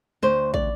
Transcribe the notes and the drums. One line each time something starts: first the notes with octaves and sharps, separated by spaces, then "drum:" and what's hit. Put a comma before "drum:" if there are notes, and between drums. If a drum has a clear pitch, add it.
D2 C5
D5, drum: kick